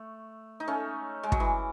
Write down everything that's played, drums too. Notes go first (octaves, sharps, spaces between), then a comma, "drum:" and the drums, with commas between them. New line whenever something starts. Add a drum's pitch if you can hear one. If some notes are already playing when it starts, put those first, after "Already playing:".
Already playing: A3
D#4
A3 C#4
G#3
F#3, drum: kick
E3